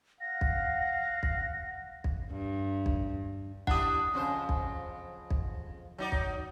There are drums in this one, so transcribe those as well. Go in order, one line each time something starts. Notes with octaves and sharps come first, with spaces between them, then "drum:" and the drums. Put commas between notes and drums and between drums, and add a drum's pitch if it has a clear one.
F5 F#5 A#6
drum: kick B1
drum: kick B1
drum: kick B1
G2
drum: kick B1
D4 E4 G4 F#5 D#6, drum: kick B1
F2 C#3 C5
drum: kick B1
drum: kick B1
F#3 D#4 D5
drum: kick B1